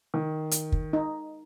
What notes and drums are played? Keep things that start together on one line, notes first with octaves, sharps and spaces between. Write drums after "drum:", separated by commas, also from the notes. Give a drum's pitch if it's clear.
D#3
drum: hi-hat
drum: kick
D#4